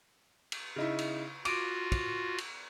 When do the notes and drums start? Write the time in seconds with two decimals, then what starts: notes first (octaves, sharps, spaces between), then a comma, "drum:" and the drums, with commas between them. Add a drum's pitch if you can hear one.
0.52 drum: cymbal
0.76 C#3 D#4 E4
0.99 drum: cymbal
1.45 F4 F#4 D6 D7 D#7, drum: cymbal
1.92 drum: kick, cymbal
2.38 drum: cymbal